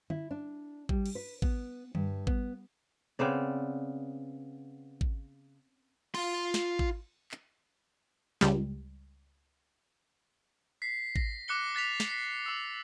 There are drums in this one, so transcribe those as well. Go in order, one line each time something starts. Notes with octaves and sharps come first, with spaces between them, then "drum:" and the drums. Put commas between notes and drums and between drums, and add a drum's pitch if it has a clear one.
E4, drum: tom D3
D4
G3, drum: kick
drum: cymbal
B4
B3, drum: kick
G2, drum: tom D3
B3, drum: kick
C#3 B3 C4 D5
drum: kick
F4 C6, drum: cymbal
drum: snare
drum: kick
drum: clap
C#2 G3, drum: snare
B6 C7
A#6, drum: kick
D6 F#6 C#7 G7
F#6 A6 B6 F7
drum: snare
B6 C7
D6 E6